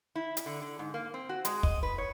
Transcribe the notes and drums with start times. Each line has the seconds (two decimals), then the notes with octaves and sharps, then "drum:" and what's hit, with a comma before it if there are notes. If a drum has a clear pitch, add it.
0.15 E4
0.37 drum: hi-hat
0.46 D3
0.62 D3
0.79 G#2
0.94 A#3
1.14 C4
1.29 F#4
1.45 G#3, drum: hi-hat
1.63 D#5, drum: kick
1.83 B4
1.98 C#5